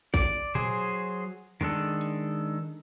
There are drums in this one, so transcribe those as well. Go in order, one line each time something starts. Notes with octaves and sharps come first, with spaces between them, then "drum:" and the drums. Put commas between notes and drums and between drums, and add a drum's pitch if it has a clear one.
D5, drum: kick
F#3 G#4 C5, drum: tom A#2
D#3 G#3 D4 A4
drum: hi-hat